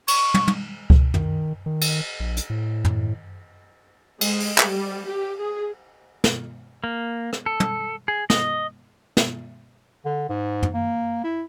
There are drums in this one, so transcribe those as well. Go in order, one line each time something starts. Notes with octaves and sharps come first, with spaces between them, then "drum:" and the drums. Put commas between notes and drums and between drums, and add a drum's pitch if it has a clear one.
C#6, drum: cymbal
drum: tom
drum: tom
drum: kick C#2
D#3, drum: tom
D#3
drum: cymbal
A#1
drum: hi-hat
A2
drum: tom
G#3, drum: cymbal
drum: open hi-hat
drum: clap
G3
G4
G#4
drum: snare
A#3
drum: rim click
A4
drum: tom
G#4
D#5, drum: snare
drum: snare
D3
G#2
drum: tom
A#3
E4